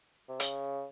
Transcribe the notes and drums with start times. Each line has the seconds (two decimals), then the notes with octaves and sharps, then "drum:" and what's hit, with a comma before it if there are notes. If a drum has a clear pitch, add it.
0.28 C3
0.40 C#3, drum: hi-hat